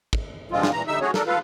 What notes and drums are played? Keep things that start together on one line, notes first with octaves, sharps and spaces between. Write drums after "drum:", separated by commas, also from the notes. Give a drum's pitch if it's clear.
drum: kick
G2 D3 F3 G#3 C4 F4
drum: snare
A#2 E3 A#5
D3 G3 D#4 E5 E6
A3 C#4 F#4 G#4 C#5
D4 A4 A#4, drum: snare
F4 A4 B4 F5